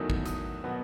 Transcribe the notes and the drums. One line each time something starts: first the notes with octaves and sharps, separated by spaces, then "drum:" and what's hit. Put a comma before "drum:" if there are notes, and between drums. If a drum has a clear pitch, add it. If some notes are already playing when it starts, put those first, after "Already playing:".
Already playing: E2 D#3 F#3 A3 D#6
drum: kick
D#6, drum: hi-hat
B2 F#3 B3